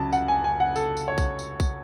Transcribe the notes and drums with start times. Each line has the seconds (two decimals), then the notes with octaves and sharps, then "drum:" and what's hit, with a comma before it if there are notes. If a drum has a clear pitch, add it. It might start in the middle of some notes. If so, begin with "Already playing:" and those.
Already playing: C#2 C#3 F#3 C#4 A5
0.13 F#5, drum: tambourine
0.28 G#5
0.44 G#5
0.60 F#5
0.76 A4, drum: tambourine
0.97 drum: tambourine
1.08 C#5
1.18 drum: kick B1, tambourine
1.39 drum: tambourine
1.60 drum: kick B1, tambourine